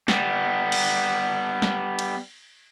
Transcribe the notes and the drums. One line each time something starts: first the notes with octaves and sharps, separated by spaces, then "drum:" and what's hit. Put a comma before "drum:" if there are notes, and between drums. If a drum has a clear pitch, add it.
G3 B3, drum: snare
drum: cymbal
drum: snare
drum: cymbal